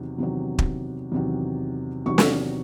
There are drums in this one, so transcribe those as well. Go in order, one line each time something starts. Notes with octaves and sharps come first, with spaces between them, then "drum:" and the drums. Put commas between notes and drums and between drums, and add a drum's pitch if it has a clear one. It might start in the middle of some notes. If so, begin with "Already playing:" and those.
Already playing: E2 C3 D#3 F#3
E2 C3 D#3 F#3
drum: kick
E2 C3 D#3 F#3
E2 C3 D#3 F#3 C#6
drum: snare